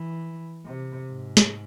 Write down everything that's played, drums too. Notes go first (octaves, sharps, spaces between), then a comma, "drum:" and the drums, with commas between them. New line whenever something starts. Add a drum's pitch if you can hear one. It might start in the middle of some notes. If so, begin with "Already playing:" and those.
Already playing: E3
C3
G#2
drum: snare